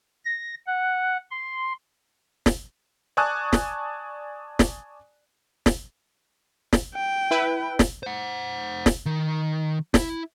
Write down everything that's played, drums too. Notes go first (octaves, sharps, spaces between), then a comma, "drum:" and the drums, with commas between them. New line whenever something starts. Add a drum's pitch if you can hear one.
A#6
F#5
C6
drum: snare
D5 G#5 A5 C#6 D#6 F#6
drum: snare
drum: snare
drum: snare
drum: snare
G5
E4 B4
drum: snare
C5 F#5
drum: snare
D#3
E4, drum: snare